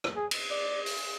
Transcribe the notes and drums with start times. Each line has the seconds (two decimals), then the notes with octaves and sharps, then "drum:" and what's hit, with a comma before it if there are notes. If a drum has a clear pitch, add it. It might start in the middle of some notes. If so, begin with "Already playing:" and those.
0.04 drum: rim click
0.16 G#4
0.31 drum: cymbal
0.51 D5
0.86 drum: open hi-hat